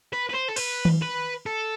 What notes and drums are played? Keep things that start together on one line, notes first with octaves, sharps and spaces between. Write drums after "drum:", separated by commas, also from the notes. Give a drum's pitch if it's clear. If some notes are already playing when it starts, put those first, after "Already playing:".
B4
B4
C5
A4
B4, drum: cymbal
drum: tom D#3
B4
A4